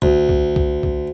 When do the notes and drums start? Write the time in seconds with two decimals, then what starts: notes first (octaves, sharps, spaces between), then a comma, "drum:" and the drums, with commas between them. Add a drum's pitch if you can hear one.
0.02 D2, drum: kick C2
0.29 drum: kick C2
0.56 drum: kick C2
0.83 drum: kick C2